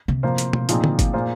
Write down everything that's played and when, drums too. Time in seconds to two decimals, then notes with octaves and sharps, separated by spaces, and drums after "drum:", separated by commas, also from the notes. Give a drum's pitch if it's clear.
0.08 C3
0.23 F3 A#3 F4 C5
0.38 drum: hi-hat
0.53 drum: tom B2
0.69 A#2 F3 C4 D#4 G#4, drum: hi-hat
0.84 drum: tom D3
0.99 drum: kick G1, hi-hat
1.14 A#2 A#3 F4 G#4 C5